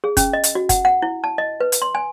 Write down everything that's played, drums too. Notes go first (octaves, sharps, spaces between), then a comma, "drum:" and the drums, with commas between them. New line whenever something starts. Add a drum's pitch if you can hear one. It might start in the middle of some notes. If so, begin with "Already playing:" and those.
G#4
C#4, drum: kick, hi-hat
D#5
drum: hi-hat
F#4
F#5, drum: kick, hi-hat
F#5
E4
A5
D#5
B4
drum: hi-hat
C6
G#5